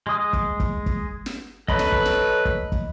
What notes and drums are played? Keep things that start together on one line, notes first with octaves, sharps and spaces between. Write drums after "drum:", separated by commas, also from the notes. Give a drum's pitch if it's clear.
G#3 D#6
drum: kick
drum: kick
drum: kick
drum: snare
F#3 A4 B4 D#5 B5, drum: kick
drum: snare
drum: kick
drum: snare
drum: kick
drum: kick